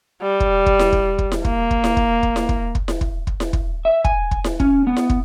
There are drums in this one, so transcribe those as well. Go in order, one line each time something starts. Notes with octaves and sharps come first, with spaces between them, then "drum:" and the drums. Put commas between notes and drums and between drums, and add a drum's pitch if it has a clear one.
G3
drum: kick
drum: kick
drum: snare E4
drum: kick
drum: kick
drum: snare E4
A#3, drum: kick
drum: kick
drum: snare E4
drum: kick
drum: kick
drum: snare E4
drum: kick
drum: kick
drum: snare E4
drum: kick
drum: kick
drum: snare E4
drum: kick
E5
G#5, drum: kick
drum: kick
drum: snare E4
C#4, drum: kick
B3
drum: snare E4
drum: kick